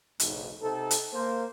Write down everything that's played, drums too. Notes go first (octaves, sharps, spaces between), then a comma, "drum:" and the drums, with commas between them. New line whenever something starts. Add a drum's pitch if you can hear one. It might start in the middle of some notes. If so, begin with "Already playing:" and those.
F#1 B1 G#2, drum: hi-hat
C3 C4 D#4 A4
drum: hi-hat
A#3 C5